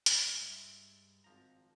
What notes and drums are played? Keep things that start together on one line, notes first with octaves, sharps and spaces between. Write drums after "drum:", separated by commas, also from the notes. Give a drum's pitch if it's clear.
drum: hi-hat
G2 G#3 E5
G#1 F3 A#5